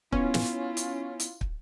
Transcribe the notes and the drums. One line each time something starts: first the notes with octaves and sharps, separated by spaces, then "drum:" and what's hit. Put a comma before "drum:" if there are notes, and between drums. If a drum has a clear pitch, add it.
B3 C#4 E4 F4, drum: kick
drum: snare
drum: hi-hat
drum: hi-hat
drum: kick